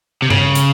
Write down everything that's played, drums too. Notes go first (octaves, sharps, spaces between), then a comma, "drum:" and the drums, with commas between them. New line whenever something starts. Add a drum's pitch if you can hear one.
C3
C#3, drum: tom G2
drum: hi-hat